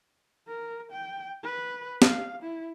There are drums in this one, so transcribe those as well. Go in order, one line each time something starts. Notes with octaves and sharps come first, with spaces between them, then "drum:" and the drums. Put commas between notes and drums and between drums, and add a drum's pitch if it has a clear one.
A#4
G5
B4
F5, drum: snare
E4